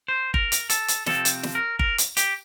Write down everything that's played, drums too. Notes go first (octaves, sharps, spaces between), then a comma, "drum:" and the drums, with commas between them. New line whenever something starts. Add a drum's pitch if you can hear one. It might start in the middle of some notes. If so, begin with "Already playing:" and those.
C5
A#4, drum: kick G1
drum: hi-hat
A4, drum: hi-hat
drum: hi-hat
C3 F3 A3 C4 A4, drum: snare
drum: hi-hat
drum: snare
A#4
A#4, drum: kick G1
drum: hi-hat
G4, drum: hi-hat